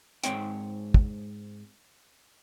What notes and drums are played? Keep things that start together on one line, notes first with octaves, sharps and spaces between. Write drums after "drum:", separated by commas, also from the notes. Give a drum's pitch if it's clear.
G#2 G#3 C4 C#5 G5, drum: hi-hat
drum: kick